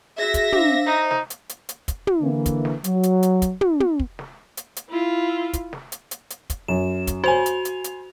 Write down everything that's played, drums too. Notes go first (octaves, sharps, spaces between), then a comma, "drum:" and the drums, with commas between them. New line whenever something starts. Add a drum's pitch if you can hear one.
F#4 G#4 E5 A#6
drum: kick, hi-hat
D4 C5 F5, drum: tom
D#4 C5
drum: snare
drum: hi-hat
drum: hi-hat
drum: hi-hat
drum: kick, hi-hat
drum: tom
D3 E3 A#3
drum: kick, hi-hat
drum: snare
F#3, drum: hi-hat
drum: hi-hat
drum: hi-hat
drum: kick, hi-hat
drum: tom
drum: tom
drum: kick
drum: snare
drum: hi-hat
drum: hi-hat
E4 F4
drum: kick, hi-hat
drum: snare
drum: hi-hat
drum: hi-hat
drum: hi-hat
drum: kick, hi-hat
F#2 E7
drum: kick, hi-hat
F#4 C5 G#5 F7, drum: snare
drum: hi-hat
drum: hi-hat
drum: hi-hat